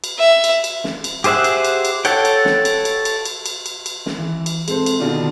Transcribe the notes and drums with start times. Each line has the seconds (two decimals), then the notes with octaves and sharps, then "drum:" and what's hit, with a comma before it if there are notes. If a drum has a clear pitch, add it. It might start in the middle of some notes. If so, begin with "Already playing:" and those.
0.04 drum: cymbal
0.19 E5
0.44 drum: cymbal
0.64 drum: cymbal
0.84 drum: snare
1.04 drum: cymbal
1.24 G4 G#4 C5 E5 F#5, drum: cymbal
1.44 drum: cymbal
1.65 drum: cymbal
1.85 drum: cymbal
2.05 A4 C#5 F#5 G5, drum: cymbal
2.25 drum: cymbal
2.45 drum: snare
2.65 drum: cymbal
2.85 drum: cymbal
3.05 drum: cymbal
3.25 drum: cymbal
3.46 drum: cymbal
3.66 drum: cymbal
3.86 drum: cymbal
4.06 drum: snare
4.18 E3
4.46 drum: cymbal
4.68 G#3 C4 A4 C5, drum: cymbal
4.86 drum: cymbal
4.99 B2 D3 D#3 B3 D4 F4